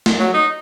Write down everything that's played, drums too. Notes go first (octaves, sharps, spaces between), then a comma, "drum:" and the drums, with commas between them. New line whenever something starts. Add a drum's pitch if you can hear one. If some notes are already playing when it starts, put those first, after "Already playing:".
drum: snare
F#3
D#4